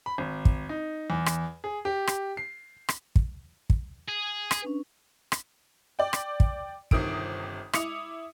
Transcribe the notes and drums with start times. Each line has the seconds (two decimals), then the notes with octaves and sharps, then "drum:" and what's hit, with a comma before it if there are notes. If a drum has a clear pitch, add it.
0.06 B5
0.18 G#1
0.45 drum: kick
0.69 D#4
1.10 E2
1.26 drum: rim click
1.64 G#4
1.85 G4
2.07 drum: rim click
2.37 C7
2.89 drum: rim click
3.16 drum: kick
3.70 drum: kick
4.08 G#4
4.51 drum: rim click
4.62 C#4 D4 B4
5.32 drum: rim click
5.99 D5 G5
6.13 drum: rim click
6.40 drum: kick
6.91 G1 C3 D#3 D#6 D7, drum: kick
7.73 E4 D6 D#6 C#7 F7, drum: rim click